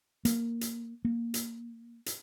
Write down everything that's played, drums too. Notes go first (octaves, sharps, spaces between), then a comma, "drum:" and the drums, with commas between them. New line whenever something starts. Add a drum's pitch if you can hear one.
A#3, drum: hi-hat
drum: hi-hat
A#3
drum: hi-hat
drum: hi-hat